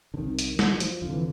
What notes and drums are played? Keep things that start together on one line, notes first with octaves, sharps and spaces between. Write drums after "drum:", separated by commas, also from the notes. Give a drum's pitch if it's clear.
D3
C2 C3 D#3
drum: hi-hat
G3, drum: snare
F#3
F3, drum: hi-hat
F1 F2 D3 F3
E3